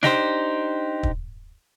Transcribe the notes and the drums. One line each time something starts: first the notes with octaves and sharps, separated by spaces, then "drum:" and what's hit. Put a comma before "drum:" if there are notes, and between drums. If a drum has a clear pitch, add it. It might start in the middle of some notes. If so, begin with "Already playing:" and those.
D4 D#4 G4 C5, drum: snare
drum: kick